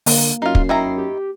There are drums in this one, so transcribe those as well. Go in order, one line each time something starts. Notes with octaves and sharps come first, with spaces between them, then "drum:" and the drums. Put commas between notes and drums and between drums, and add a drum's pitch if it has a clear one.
D3 A#3, drum: open hi-hat
F#2 D#4 F4 C7
drum: kick
D#3 E4 A#5
G4